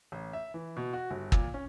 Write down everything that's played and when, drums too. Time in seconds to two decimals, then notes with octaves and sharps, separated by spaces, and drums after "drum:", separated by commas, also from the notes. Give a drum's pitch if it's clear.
0.12 A1
0.33 E5
0.54 E3
0.77 B2
0.93 F#4
1.11 G1
1.32 A#2, drum: kick
1.54 C#4